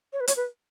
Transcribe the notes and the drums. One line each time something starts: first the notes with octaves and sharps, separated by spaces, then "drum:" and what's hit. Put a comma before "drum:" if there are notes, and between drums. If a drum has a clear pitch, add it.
C#5
B4
C#5, drum: hi-hat
B4